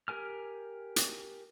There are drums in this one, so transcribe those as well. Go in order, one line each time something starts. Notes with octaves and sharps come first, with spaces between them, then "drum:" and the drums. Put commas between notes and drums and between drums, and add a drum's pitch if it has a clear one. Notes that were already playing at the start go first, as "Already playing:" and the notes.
G4 A#4 G#5 F6
drum: hi-hat